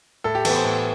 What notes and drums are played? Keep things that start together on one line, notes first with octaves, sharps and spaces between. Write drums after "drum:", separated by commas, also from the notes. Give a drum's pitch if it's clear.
A2 A4
G4
E3 B3 A4, drum: cymbal
C5
A2